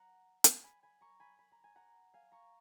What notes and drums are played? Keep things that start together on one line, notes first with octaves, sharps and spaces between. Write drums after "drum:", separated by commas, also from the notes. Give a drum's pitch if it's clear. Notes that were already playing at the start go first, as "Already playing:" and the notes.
Already playing: F#5 A#5
drum: hi-hat
G#5 B5
G#5 B5
A#5 C#6
G#5 B5
B5
A#5
G#5
F#5 A#5
F5 G#5
A#5 C#6